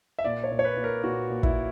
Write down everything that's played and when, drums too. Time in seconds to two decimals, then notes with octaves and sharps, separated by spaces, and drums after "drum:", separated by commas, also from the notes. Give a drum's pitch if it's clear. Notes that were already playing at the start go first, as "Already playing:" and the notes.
0.19 E5
0.24 A#2 D5
0.44 C#5
0.51 A#2
0.59 C#5
0.65 B4
0.77 A#2
0.84 A#4
1.03 A#2 F#4
1.30 A#2
1.43 E4, drum: kick